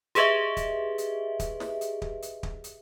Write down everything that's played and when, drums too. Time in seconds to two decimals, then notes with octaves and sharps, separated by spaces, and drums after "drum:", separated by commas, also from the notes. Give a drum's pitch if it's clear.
0.15 G4 G#4 B4 D#5 E5, drum: hi-hat
0.57 drum: kick, hi-hat
0.98 drum: hi-hat
1.40 drum: kick, hi-hat
1.60 drum: snare
1.81 drum: hi-hat
2.02 drum: kick
2.22 drum: hi-hat
2.43 drum: kick
2.64 drum: hi-hat